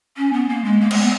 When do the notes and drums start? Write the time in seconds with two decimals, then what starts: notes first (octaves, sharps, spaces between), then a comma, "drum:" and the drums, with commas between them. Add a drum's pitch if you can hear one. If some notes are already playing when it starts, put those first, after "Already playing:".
0.17 C#4
0.33 B3
0.49 A#3
0.64 G#3
0.80 A#3
0.91 G#3, drum: cymbal
1.00 B3